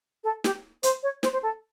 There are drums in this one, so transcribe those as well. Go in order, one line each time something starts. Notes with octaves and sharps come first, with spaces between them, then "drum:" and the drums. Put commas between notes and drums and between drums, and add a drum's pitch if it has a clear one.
A4
G4, drum: snare
C5, drum: hi-hat
C#5
C5, drum: snare
C5
A4